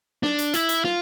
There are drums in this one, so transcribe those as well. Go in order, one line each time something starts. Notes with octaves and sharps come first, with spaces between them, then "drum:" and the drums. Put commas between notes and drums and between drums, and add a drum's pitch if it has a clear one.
D4, drum: snare
drum: hi-hat
E4, drum: hi-hat
drum: hi-hat
F4, drum: snare